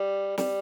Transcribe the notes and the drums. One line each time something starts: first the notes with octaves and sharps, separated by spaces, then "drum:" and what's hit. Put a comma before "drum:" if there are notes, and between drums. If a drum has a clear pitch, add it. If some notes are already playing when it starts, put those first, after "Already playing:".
Already playing: G3
G3, drum: snare